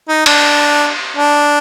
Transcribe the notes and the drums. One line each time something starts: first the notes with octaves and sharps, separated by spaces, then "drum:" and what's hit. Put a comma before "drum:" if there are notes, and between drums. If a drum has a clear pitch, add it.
D#4
D4, drum: cymbal
D4